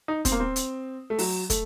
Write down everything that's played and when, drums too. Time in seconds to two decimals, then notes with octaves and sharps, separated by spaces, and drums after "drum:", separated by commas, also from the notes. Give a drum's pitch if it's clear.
0.08 D#4
0.25 C4, drum: kick, hi-hat
0.32 A#3
0.40 C4
0.56 drum: hi-hat
1.10 A3
1.19 F#3, drum: open hi-hat
1.50 A3, drum: kick, hi-hat